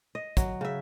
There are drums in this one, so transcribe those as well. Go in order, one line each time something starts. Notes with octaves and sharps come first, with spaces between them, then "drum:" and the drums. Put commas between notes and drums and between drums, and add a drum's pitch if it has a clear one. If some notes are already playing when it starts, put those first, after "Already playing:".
D#5
F#3, drum: kick, hi-hat
C#3 E5